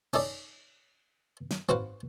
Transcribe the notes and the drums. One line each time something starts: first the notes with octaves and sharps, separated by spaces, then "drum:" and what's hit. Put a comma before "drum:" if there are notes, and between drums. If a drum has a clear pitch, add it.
C#4 D#4 A4 D5, drum: cymbal
drum: snare
C4 F#4 B4 F5 F#5, drum: tom G#2